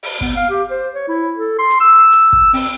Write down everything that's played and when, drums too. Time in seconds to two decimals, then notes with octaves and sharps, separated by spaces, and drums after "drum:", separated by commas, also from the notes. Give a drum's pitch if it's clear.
0.03 drum: open hi-hat
0.21 B3, drum: kick
0.36 F5
0.50 G4
0.71 C5
0.94 C#5
1.08 E4
1.37 A4
1.59 C6
1.70 drum: hi-hat
1.81 E6
2.12 drum: hi-hat
2.33 drum: kick
2.54 C4, drum: open hi-hat